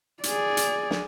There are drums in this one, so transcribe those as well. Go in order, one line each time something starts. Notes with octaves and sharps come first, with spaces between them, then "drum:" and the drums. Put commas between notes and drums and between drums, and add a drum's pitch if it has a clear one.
G#4 D5, drum: hi-hat
drum: hi-hat
drum: snare